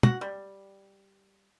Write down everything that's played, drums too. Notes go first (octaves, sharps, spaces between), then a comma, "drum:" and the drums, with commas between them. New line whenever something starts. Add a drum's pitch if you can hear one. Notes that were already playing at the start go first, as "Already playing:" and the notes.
F#4 F#5, drum: tom
G3